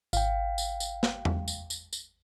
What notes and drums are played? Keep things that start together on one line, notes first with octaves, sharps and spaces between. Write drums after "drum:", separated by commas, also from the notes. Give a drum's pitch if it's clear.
G#1 F5 G5, drum: tambourine
drum: tambourine
drum: tambourine
drum: snare
drum: tom E2
drum: tambourine
drum: tambourine
drum: tambourine